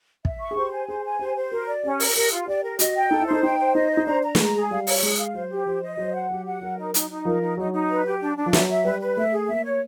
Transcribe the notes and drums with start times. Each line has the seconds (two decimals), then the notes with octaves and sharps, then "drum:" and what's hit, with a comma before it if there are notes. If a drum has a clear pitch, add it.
0.25 E5, drum: kick
0.40 C#6
0.51 G#4
0.56 G4 C5
0.72 G#5
0.88 G#4 C5
1.04 G#5
1.19 G4 C5
1.36 C5
1.51 F#4 A#4
1.68 D5
1.84 C#4 G4
2.00 A#4, drum: open hi-hat
2.15 G4 A#4
2.31 F4
2.47 G4 D5
2.63 A#4
2.79 F#4 D#5, drum: hi-hat
2.96 G5
3.10 D#4 A4
3.21 E4
3.27 D#4 C5
3.43 D#4 G5
3.59 C5
3.74 D#4 D#5
3.91 C5
3.97 D#4
4.07 D4 A#5
4.22 A#5
4.35 A3, drum: snare
4.38 G#3 A#5
4.54 G#4
4.71 G3 F5
4.87 C#5, drum: open hi-hat
5.02 G#3 G#4
5.18 F5
5.34 F#3 C5
5.50 G4
5.66 F3 C5
5.82 D#5
5.97 F#3 C5
6.14 F#5
6.30 F#3 G4
6.46 F#5
6.61 F#3 A#4
6.77 D#4
6.94 D#4, drum: hi-hat
7.10 D#4
7.25 F3 A#4
7.41 D#4
7.57 F#3 D#4
7.73 D#4
7.89 B4
8.05 G4
8.21 D4
8.37 D4
8.46 F3
8.53 F#3 E5, drum: snare
8.69 E5
8.84 G3 B4
9.00 B4
9.17 A3 E5
9.32 G#4
9.48 A#3 E5
9.65 C#5